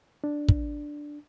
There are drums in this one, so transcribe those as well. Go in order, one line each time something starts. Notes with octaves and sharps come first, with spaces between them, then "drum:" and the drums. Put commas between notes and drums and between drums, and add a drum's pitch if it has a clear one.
D4
drum: kick